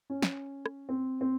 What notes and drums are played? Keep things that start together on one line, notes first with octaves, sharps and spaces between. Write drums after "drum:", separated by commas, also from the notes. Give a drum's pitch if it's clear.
C#4
drum: snare
drum: rim click
C4
C4